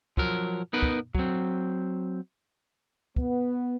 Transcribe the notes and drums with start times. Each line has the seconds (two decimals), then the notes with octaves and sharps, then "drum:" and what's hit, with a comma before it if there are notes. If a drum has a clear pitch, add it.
0.17 F3 F#3 A#4, drum: kick
0.73 B3 D#4 A#4 B4
0.83 drum: kick
1.15 F#3 C4, drum: kick
3.16 B3, drum: kick